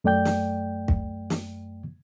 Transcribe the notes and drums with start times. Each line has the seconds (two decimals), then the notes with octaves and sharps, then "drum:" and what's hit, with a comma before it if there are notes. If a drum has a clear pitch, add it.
0.04 F#2 A3 D5 G5 G6
0.25 drum: snare
0.88 drum: kick
1.30 drum: snare